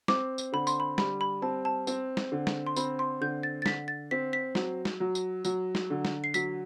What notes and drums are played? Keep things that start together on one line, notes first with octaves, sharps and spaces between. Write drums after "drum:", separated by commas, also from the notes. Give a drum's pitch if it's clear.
C4 D6, drum: snare
drum: tambourine
D3 B5
C6, drum: tambourine
B5
G3 B5, drum: snare
B5
C4 A5
A5
C4, drum: tambourine
drum: snare
D3
drum: snare
C6
C4 B5, drum: tambourine
C6
D3 G6
A6
A6
D3 B6, drum: snare
A6
C4 B6
B6
F#3, drum: snare
drum: snare
F#3
drum: tambourine
F#3, drum: tambourine
drum: snare
D3
drum: snare
C7
F#3 B6, drum: tambourine